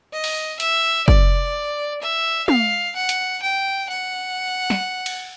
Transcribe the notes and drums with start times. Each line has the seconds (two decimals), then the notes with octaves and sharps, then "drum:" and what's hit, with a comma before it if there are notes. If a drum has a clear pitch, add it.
0.13 D#5
0.24 drum: open hi-hat
0.60 E5, drum: hi-hat
1.08 D5, drum: kick
2.02 E5
2.48 F5, drum: tom
2.96 F#5
3.09 drum: hi-hat
3.42 G5
3.90 F#5
4.70 drum: snare
5.06 drum: cymbal